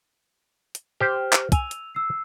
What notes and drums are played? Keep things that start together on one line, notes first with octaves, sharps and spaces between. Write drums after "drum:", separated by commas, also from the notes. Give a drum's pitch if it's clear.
drum: hi-hat
G4 C5 F6
drum: clap
G#5 E6 F7, drum: kick, hi-hat
drum: hi-hat
E6 C7